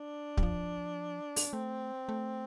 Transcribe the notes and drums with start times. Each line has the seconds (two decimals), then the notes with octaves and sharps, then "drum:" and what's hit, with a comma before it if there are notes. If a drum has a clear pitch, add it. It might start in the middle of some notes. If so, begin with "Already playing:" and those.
Already playing: D4
0.37 G3, drum: kick
0.43 F3
1.36 drum: open hi-hat
1.53 A3 C4
2.09 A3